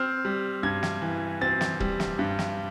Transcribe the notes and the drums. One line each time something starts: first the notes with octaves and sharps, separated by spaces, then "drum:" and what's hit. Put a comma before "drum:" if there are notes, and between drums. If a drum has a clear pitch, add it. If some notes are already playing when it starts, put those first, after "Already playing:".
Already playing: C4 F6
G3
G2 G#6
drum: snare
E3
C4 A6
drum: snare
G3, drum: kick
drum: snare
G2
drum: snare